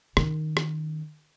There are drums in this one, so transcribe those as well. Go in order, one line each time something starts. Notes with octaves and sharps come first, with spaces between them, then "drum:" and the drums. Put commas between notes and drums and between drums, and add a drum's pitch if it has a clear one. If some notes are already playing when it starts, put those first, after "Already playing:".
D#3 C#4, drum: rim click
drum: rim click